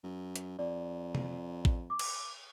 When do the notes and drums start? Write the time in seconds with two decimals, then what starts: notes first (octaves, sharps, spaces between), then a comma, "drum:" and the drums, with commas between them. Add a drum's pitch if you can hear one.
0.04 F#2
0.36 drum: hi-hat
0.59 F2 D5
1.15 drum: tom C3
1.65 drum: kick A1
1.90 D6
1.99 drum: cymbal